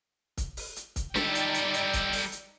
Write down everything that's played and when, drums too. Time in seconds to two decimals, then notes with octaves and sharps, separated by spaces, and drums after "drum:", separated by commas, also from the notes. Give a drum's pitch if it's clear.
0.38 drum: kick, hi-hat
0.57 drum: open hi-hat
0.76 drum: hi-hat
0.96 drum: kick, hi-hat
1.15 G3 D#4 A4 D5 G5, drum: snare
1.35 drum: hi-hat
1.54 drum: hi-hat
1.74 drum: hi-hat
1.93 drum: kick, hi-hat
2.13 drum: open hi-hat
2.32 drum: hi-hat